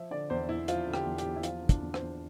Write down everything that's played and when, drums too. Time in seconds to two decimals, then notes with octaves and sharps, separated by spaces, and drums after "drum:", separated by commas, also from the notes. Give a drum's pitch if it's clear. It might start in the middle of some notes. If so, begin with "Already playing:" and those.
Already playing: F3 E5
0.11 D3 D5
0.30 E2 C5
0.49 E2 E4
0.68 F3 F4, drum: hi-hat
0.87 D3
0.94 G4, drum: rim click
1.05 E2
1.18 G4, drum: hi-hat
1.25 E2
1.36 E4
1.43 F3 F4, drum: hi-hat
1.62 D3
1.69 D4, drum: kick, hi-hat
1.82 E2
1.94 C5, drum: rim click
2.01 E2